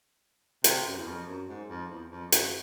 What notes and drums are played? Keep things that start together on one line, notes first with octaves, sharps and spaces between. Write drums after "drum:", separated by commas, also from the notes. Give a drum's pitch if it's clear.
C3, drum: hi-hat
F#2
E2
F2
F#2
G#2
F2
E2
F2
F#2, drum: hi-hat